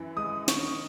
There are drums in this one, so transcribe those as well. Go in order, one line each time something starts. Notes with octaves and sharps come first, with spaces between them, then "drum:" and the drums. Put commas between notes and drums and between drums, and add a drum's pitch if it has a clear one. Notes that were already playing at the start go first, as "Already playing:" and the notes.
Already playing: F#2 E3
G#3 D#6
D#3 C#6, drum: snare